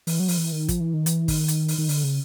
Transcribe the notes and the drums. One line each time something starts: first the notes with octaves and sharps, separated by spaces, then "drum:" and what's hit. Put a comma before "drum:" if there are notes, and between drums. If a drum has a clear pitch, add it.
E3, drum: open hi-hat
F#3
F3, drum: open hi-hat
E3
D#3
F3, drum: kick, hi-hat
E3
D#3
E3, drum: hi-hat
D#3, drum: kick, open hi-hat
drum: hi-hat
drum: open hi-hat
D#3
D3, drum: open hi-hat
C#3